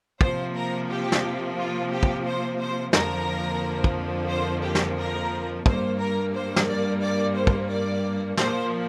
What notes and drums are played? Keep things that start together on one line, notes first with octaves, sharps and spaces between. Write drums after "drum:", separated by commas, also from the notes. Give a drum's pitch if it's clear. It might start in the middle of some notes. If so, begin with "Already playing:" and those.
C3 F3 A#3 C5, drum: kick
A#4
G4
drum: snare
F4
G4
drum: kick
C5
C5
F2 D3 F3 A#3 A#4, drum: snare
drum: kick
C5
G4
drum: snare
A#4
G2 G3 A#3 C5, drum: kick
A#4
C5
drum: snare
D5
D5
C5
drum: kick
D5
A#2 F3 A#3 C5, drum: snare